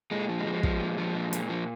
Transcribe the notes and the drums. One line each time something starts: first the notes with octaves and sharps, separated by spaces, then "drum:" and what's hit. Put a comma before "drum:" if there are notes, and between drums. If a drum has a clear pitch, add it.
A#2 G#3
F3
G#3
F3
F3, drum: kick
A#2
F3
A#2
A#2, drum: hi-hat
F3